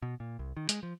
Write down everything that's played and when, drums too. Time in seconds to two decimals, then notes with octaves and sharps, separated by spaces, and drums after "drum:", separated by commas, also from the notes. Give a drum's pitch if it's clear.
0.02 B2
0.20 A#2
0.39 C2
0.57 D#3
0.69 G#3, drum: hi-hat
0.83 F3